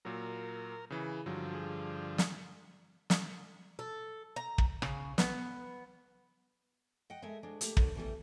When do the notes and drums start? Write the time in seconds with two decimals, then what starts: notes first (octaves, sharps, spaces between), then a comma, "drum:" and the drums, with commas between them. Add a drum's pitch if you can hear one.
0.05 A#2 F#3 A#4
0.90 C#3 E3
1.26 G2 D3 F3 F#3
1.55 G#4
2.18 drum: snare
3.10 drum: snare
3.79 A4
4.36 A#5
4.58 drum: kick
4.82 C#3, drum: rim click
5.18 B3, drum: snare
7.10 D#5 F#5 G5
7.22 G#3 A3 A#4 E5
7.43 D2 G#3 D4
7.61 A3 A#3 G4, drum: hi-hat
7.77 D3 F#3 A#4, drum: kick
7.95 B2 E3 G3 A3